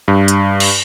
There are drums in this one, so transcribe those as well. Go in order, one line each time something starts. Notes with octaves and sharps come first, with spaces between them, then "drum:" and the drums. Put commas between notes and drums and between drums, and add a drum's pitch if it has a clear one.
G2
drum: hi-hat
drum: cymbal